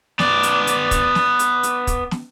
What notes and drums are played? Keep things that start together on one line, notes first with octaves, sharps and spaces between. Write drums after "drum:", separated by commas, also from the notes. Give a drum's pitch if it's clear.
B3 D5, drum: snare
drum: hi-hat
drum: hi-hat
drum: kick, hi-hat
drum: snare
drum: hi-hat
drum: hi-hat
drum: kick, hi-hat
drum: snare